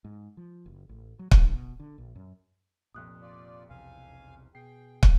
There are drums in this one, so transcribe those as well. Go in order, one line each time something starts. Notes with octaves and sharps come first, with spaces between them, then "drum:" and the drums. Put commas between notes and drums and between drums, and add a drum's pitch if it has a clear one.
G#2
F3
F#1
A1
F#3
G2, drum: kick
B2
D3
A#1
F#2
F1 F2 A#2 D#6 F#6
F4 D5
B1 E2 C3 F5 G#5
B2 G#4 G5 C7
drum: kick